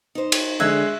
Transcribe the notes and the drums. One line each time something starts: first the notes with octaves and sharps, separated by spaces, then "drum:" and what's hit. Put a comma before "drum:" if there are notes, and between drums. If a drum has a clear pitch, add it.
D#4 C5
drum: cymbal
D3 G#3 E5 F#6 G#6